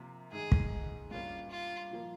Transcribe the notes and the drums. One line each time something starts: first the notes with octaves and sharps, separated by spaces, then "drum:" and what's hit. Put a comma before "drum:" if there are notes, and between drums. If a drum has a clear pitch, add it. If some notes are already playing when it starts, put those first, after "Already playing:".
Already playing: C3 F3 A#3
G#2 D#3 G#3 G#4
drum: kick
G2 G3 A#3 C#4 F4
F4
A#2 F3 A#3